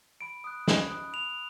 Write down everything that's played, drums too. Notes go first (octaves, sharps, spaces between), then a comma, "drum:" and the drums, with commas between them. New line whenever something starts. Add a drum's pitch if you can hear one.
B5 D7
D#6 F#6
B5, drum: snare
D#6 F#6
B5 F7